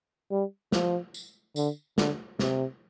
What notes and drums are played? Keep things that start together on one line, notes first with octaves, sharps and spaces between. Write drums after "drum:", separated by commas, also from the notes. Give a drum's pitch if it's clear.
G3
F3, drum: snare
drum: tambourine
D3, drum: tambourine
D3, drum: snare
C3, drum: snare